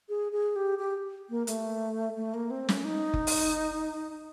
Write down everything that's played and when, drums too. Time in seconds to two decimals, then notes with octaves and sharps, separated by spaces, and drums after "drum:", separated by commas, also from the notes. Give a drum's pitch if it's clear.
0.09 G#4
0.32 G#4
0.56 G4
0.79 G4
1.30 A#3
1.47 A3, drum: hi-hat
2.16 A3
2.34 A#3
2.50 C4
2.69 C#4, drum: snare
2.85 D#4
3.14 drum: kick F#1
3.27 drum: open hi-hat